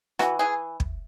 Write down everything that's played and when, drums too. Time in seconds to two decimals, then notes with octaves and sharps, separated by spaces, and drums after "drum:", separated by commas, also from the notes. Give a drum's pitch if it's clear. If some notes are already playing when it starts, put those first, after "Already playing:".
0.19 E3 F#4, drum: rim click
0.39 E3 G#4
0.80 drum: kick